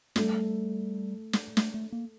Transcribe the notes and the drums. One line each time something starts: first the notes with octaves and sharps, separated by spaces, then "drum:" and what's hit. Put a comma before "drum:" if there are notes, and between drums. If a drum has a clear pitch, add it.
G3 A3, drum: snare
drum: snare
A3, drum: snare
A3
A#3